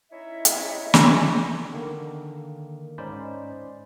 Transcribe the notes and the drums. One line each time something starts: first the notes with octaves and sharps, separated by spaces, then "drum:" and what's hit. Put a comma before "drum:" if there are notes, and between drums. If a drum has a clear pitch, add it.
C#4 D#4 E4 C#5 D#5 E5
drum: hi-hat
drum: snare
D3 D#3 A#3
G#2 C#4 D#4 C5 D5 B5